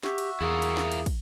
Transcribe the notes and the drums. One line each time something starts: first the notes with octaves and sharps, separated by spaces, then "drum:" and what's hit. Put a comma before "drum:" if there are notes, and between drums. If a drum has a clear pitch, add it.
F#4 G4 E5, drum: snare
drum: cymbal
E2 E4 F4 G#4 A#4
drum: cymbal
drum: snare
drum: cymbal
drum: kick, cymbal